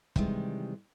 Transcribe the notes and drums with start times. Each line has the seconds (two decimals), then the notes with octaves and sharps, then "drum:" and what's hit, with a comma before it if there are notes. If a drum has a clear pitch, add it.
0.16 C3 D#3 E3 G3 G#3, drum: kick